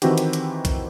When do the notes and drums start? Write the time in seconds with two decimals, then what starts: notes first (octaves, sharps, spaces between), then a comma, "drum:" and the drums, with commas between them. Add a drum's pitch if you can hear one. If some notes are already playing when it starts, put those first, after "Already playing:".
0.02 D#3 E3 C4 E4 F#4 G4, drum: hi-hat
0.18 drum: hi-hat
0.33 drum: hi-hat
0.65 drum: kick B1, hi-hat